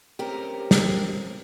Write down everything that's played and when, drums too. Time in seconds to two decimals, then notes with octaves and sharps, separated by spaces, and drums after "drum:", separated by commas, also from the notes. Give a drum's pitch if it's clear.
0.19 A3 C4 C#4 G4 A#4
0.71 drum: snare